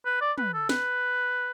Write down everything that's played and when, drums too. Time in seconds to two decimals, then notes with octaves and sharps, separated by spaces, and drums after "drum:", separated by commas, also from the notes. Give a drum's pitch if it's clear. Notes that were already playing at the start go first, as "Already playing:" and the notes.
0.05 B4
0.21 D5
0.38 B4, drum: tom
0.54 A4
0.69 B4, drum: snare